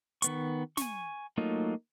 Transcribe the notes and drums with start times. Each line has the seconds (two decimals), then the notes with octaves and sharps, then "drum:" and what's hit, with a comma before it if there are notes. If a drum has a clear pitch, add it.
0.22 D#3 B3 C#6, drum: hi-hat
0.77 G#5 C#6, drum: snare
1.37 F#3 A3 A#3 D#4 F4